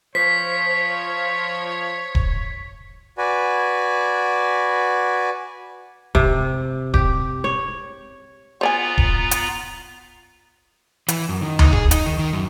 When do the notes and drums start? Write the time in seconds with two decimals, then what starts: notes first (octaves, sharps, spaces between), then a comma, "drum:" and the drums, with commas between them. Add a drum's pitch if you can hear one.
0.15 F3 C5 C#5 B6
2.15 drum: kick D#1
3.18 F#4 B4 D5 G#5
6.15 C3, drum: kick D#1
6.94 G4, drum: kick D#1
7.44 C#5
8.61 B3 F4 C5 D5 G#5 A#5
8.98 drum: kick D#1
9.31 drum: hi-hat
11.08 E3, drum: hi-hat
11.29 F#2
11.41 D#3
11.59 D#4, drum: tom D2
11.73 G#4, drum: kick D#1
11.91 D#4, drum: hi-hat
12.06 D#3
12.19 D#3
12.33 F#2